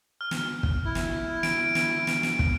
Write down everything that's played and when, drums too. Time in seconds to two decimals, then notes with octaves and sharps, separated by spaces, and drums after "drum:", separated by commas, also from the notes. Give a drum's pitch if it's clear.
0.21 F6
0.31 drum: snare
0.63 drum: kick
0.85 E4
0.95 drum: snare
1.43 D7, drum: snare
1.75 drum: snare
2.07 drum: snare
2.23 drum: snare
2.39 drum: kick